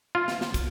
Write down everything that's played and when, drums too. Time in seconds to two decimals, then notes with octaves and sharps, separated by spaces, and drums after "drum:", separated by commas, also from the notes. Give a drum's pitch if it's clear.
0.15 F4
0.28 drum: snare
0.41 drum: snare
0.54 drum: kick, hi-hat